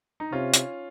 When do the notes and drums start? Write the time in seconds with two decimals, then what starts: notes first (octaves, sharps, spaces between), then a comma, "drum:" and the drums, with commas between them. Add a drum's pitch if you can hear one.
0.20 D#4
0.32 C3 C#4 F4
0.54 drum: hi-hat